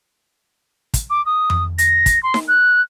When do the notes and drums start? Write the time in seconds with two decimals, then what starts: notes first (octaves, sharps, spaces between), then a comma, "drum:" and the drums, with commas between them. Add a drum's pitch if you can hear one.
0.94 drum: kick, hi-hat
1.10 D6
1.26 D#6
1.50 drum: tom F2
1.78 A#6, drum: hi-hat
2.06 drum: kick, hi-hat
2.23 C6
2.34 drum: snare D#4
2.48 F#6